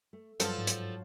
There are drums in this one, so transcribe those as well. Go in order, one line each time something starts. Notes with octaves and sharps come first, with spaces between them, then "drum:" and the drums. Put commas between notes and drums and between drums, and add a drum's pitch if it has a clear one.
A3
G2 F3 F#3 F4 A4, drum: hi-hat
G#2 A6
drum: hi-hat